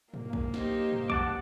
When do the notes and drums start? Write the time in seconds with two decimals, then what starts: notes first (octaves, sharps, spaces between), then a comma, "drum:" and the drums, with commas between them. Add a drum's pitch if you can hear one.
0.14 A#3, drum: tom G#2
0.33 drum: kick A#1
0.54 D#4 G4 C5, drum: snare
0.92 drum: tom
1.10 F#5 A5 D6, drum: kick A#1